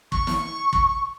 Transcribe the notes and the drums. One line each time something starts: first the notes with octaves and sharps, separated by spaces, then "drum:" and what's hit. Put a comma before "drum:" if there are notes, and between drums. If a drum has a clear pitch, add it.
C#6, drum: kick
drum: snare
drum: kick